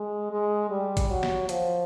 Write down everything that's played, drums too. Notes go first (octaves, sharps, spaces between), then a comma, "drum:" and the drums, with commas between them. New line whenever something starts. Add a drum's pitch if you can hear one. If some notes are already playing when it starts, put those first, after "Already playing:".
Already playing: G#3
G#3
G3
drum: kick G#1, hi-hat
F#3
drum: snare
F3, drum: hi-hat